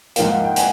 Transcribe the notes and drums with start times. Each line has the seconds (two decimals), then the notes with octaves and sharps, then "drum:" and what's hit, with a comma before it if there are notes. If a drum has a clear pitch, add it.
0.16 G#2 F3 A#3 F5 G5, drum: hi-hat
0.31 F#5
0.44 G5
0.56 F#5 G#5, drum: hi-hat